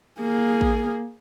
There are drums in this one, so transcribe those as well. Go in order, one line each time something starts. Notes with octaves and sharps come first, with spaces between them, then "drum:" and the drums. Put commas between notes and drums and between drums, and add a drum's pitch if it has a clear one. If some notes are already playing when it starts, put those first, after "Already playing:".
A#3 G#4
drum: kick A1